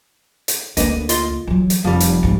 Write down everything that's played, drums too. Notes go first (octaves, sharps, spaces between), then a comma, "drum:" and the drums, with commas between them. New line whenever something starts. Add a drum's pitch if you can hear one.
drum: hi-hat
D2 A#3 D4 B4 D#5, drum: hi-hat
F4 D#5 C6, drum: hi-hat
E3 F#3
drum: hi-hat
F1 F3 G3
drum: hi-hat
D#2 G#2